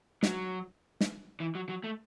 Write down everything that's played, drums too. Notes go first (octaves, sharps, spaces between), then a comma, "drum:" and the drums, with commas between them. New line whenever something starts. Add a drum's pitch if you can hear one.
F#3, drum: snare
drum: snare
E3
F#3
F#3
A3